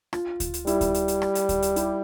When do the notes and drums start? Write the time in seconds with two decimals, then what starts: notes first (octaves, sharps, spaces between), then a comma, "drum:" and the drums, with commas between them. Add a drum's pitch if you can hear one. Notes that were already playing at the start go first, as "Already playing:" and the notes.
0.13 F4, drum: rim click
0.40 drum: kick D2, hi-hat
0.54 drum: hi-hat
0.67 G3 E4, drum: hi-hat
0.81 drum: kick D2, hi-hat
0.94 drum: hi-hat
1.08 drum: hi-hat
1.22 drum: rim click
1.35 drum: hi-hat
1.49 drum: kick D2, hi-hat
1.62 drum: hi-hat
1.76 E4 G4, drum: hi-hat